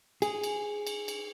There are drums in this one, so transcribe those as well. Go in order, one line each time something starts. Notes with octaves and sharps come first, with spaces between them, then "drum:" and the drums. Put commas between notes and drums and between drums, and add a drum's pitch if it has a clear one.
G#4, drum: cymbal
drum: cymbal
drum: cymbal
drum: cymbal